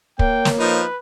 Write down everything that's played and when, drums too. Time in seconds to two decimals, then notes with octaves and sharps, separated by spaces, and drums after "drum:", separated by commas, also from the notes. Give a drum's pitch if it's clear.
0.19 A#3 C#5 G5, drum: kick
0.45 drum: snare
0.60 F3 D#4 B4